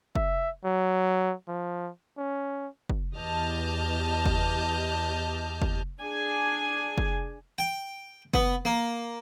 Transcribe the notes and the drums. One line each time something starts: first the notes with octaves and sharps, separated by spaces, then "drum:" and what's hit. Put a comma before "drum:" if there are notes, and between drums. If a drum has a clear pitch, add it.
E5, drum: kick
F#3
F3
C#4
drum: kick
E2 G4 D#5 A5 F6 G6
drum: kick
drum: kick
D4 G#4 G#5
drum: kick
G5
B3, drum: kick
A#3